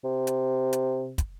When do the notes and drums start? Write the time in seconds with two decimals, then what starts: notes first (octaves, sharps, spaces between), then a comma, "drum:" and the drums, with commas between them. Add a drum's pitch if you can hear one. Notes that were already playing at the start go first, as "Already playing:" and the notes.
0.04 C3
0.27 drum: hi-hat
0.73 drum: hi-hat
1.18 drum: kick, hi-hat